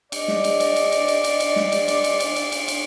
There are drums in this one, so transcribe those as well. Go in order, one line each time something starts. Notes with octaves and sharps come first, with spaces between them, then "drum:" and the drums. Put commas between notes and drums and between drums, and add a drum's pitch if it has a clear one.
D5 D#5, drum: cymbal
drum: snare
drum: cymbal
drum: cymbal
drum: cymbal
drum: cymbal
drum: cymbal
drum: cymbal
drum: cymbal
drum: snare
drum: cymbal
drum: cymbal
drum: cymbal
drum: cymbal
drum: cymbal
drum: cymbal
drum: cymbal